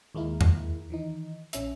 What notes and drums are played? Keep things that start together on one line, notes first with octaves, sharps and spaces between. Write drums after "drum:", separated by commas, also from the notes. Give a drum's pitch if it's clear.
D#2 G#3 A#3 E4 A#4
drum: tom E2
D#3 E3 D#4
A#1 C#4 E5, drum: hi-hat